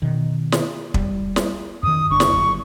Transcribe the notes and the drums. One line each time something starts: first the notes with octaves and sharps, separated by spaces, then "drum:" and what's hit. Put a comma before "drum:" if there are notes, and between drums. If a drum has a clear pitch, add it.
B2 D#3
drum: snare
G3, drum: kick
drum: snare
F#2 D#3 D#6
G1 D3 D4 C#6
drum: snare
F#1 F#2